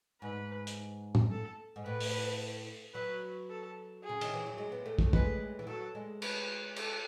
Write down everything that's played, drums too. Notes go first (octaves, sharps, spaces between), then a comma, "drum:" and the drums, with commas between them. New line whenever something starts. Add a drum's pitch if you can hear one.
G#2 B4
drum: hi-hat
drum: tom
A4
G#2
A2 B4
drum: open hi-hat
F#3 B4
A4
G#4
C#3
D#3, drum: cymbal
E3
F#3
G#3
B3
A3
A3, drum: kick
G#3 B4, drum: kick
E3
F#3 A4
G#3
B4, drum: cymbal
A4, drum: cymbal